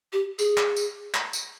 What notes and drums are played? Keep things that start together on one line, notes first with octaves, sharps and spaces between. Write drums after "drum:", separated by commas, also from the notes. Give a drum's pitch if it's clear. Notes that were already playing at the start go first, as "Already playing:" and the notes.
G4
G#4, drum: tambourine
drum: clap
drum: tambourine
drum: clap
drum: tambourine